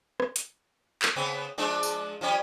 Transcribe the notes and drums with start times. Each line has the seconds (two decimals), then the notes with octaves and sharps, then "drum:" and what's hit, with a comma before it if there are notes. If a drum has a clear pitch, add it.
0.20 drum: rim click
0.36 drum: hi-hat
1.02 drum: clap
1.16 C#3 B3 C4
1.58 F3 G#3 D4
1.83 drum: tambourine
2.21 F3 G3 C#4